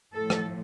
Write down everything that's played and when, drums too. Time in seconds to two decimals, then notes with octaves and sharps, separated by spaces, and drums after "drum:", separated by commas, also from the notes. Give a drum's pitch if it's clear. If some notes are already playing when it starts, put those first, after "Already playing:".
0.13 A2 F3 A4
0.30 drum: rim click